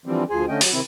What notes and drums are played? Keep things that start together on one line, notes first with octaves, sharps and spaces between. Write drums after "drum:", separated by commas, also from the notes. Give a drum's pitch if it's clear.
D3 E3 F3 G3 C4
D2 F3 G#4 C5 G#5
D3 A3 C#4 D#5 G5
F#3, drum: open hi-hat
C3 D#3 C4 E4